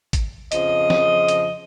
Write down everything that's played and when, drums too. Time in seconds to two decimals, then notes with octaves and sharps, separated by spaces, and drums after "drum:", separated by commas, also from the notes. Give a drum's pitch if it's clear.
0.13 drum: kick G#1, hi-hat
0.52 F2 C#3 F3 D#5, drum: hi-hat
0.90 drum: snare
1.28 drum: hi-hat